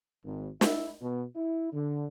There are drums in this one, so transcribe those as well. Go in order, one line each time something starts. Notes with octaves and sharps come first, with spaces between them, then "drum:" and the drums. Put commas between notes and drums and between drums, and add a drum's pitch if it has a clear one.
G#1
E4, drum: snare
B2
E4
D3